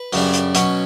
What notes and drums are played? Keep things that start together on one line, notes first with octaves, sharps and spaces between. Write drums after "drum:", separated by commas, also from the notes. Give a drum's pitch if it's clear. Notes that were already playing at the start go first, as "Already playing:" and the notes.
Already playing: B4
F#2 C#3 G3 D4, drum: open hi-hat
drum: hi-hat
B2 F#3 C#4, drum: hi-hat